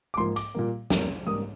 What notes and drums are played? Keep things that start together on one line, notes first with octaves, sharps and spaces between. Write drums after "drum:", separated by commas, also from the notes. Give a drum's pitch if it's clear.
D6
G#2 F3 A#3 C6
D6, drum: hi-hat
A#2 G3 A#3
F2 D3 G3 A#3, drum: snare
G#2 G3 A#3 D#6